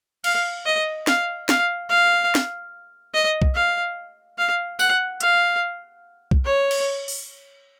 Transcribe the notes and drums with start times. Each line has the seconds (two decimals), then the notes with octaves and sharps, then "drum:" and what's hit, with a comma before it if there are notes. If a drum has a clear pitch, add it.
0.24 F5, drum: cymbal
0.66 D#5
1.07 F5, drum: snare
1.49 F5, drum: snare
1.90 F5
2.35 drum: snare
3.14 D#5
3.42 drum: kick
3.55 F5
4.38 F5
4.79 F#5, drum: tambourine
5.20 F5, drum: hi-hat
6.31 drum: kick
6.45 C#5
6.71 drum: cymbal
7.08 drum: open hi-hat